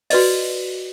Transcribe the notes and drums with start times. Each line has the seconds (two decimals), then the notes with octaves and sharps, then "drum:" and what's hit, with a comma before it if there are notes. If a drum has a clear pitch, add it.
0.10 F#4 B4 D5 D#5, drum: open hi-hat